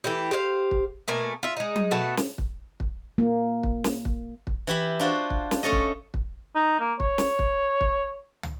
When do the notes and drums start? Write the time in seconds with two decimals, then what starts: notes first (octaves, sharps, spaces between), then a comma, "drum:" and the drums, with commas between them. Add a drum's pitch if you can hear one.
0.04 E3 A3 E4 G4
0.31 G4 C5 D5 F5
0.71 drum: kick
1.08 B2 A3 A#3 G#5
1.43 F4 E5
1.57 G#3 D#4
1.76 drum: tom F#3
1.91 B2 A3 F#4 A5
2.17 drum: snare
2.38 drum: kick
2.80 drum: kick
3.18 A#3
3.63 drum: kick
3.84 drum: snare
4.05 drum: kick
4.47 drum: kick
4.67 E3 E4 G4 E5
5.00 D4 F4 F#4 C5
5.30 drum: kick
5.51 drum: snare
5.63 A3 C#4 A4 D#5
5.72 drum: kick
6.14 drum: kick
6.55 D#4
6.80 A#3
7.00 C#5, drum: kick
7.18 drum: snare
7.39 drum: kick
7.81 drum: kick
8.43 drum: tom